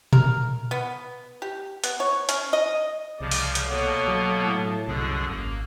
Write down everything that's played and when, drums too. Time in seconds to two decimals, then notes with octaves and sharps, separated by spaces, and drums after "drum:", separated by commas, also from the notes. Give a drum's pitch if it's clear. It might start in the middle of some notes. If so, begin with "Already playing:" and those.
0.13 A#4, drum: tom A#2
0.71 B3
1.42 G4
1.84 B3, drum: hi-hat
2.00 C#5
2.29 C#4, drum: hi-hat
2.53 D#5
3.21 C2 C#3 F3 D5
3.31 drum: open hi-hat
3.55 drum: hi-hat
3.69 B2 A#3 B3 A4 C#5 A5
4.08 F#3
4.43 A2
4.88 C2 F#2 B2 D3 G#4
5.30 G#1 A#3